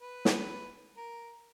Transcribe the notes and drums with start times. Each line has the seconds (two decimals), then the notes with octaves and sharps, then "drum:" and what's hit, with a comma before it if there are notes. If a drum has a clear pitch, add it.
0.02 B4
0.25 drum: snare
0.97 A#4